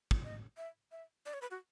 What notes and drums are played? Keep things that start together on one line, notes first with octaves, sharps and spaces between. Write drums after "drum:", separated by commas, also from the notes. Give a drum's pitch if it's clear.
drum: kick
D#5
E5
E5
D5
C#5
B4
F#4